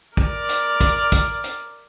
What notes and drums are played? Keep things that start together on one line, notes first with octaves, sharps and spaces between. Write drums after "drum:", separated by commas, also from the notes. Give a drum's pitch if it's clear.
A#4 D5, drum: kick
drum: hi-hat
drum: kick, hi-hat
drum: kick, hi-hat
drum: hi-hat